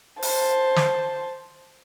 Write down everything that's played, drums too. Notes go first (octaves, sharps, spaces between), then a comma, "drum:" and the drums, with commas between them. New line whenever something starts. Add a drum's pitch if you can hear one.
C5 A5, drum: open hi-hat
drum: snare